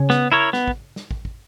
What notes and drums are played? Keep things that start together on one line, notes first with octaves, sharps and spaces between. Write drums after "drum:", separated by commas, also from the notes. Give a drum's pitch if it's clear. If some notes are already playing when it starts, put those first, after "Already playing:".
Already playing: C#3
B3, drum: snare
E4 A#4 C#5
B3, drum: snare
drum: kick
drum: snare
drum: kick
drum: kick